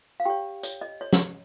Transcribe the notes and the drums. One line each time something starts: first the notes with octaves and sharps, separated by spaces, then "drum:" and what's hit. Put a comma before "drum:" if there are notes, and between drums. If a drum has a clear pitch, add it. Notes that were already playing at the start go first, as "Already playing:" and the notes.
F5
G4 C#5 G5
C#5, drum: tambourine
D#5
C#5
drum: snare